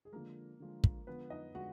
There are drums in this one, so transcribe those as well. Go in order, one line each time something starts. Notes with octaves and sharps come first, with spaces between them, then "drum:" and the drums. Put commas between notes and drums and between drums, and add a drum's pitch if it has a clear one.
G#4
D3 F3 G#3 A#3 A#4
D3 F3 G#3
drum: kick
D3 F3 G#3 B3 B4
D#4 D#5
D3 F3 G#3 F#4 F#5